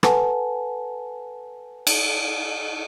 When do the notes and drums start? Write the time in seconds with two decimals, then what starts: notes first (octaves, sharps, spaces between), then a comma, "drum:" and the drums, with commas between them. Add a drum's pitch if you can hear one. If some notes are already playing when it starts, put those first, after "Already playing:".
0.03 A4 B4 F#5 G#5 A5, drum: rim click
1.87 drum: cymbal